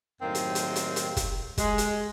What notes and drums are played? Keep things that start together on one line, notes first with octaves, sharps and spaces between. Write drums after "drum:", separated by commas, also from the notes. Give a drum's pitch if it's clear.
F#2 A2 D#3 A#3 C4
drum: hi-hat
drum: hi-hat
drum: hi-hat
drum: hi-hat
drum: kick, hi-hat
G#3, drum: kick, hi-hat
drum: hi-hat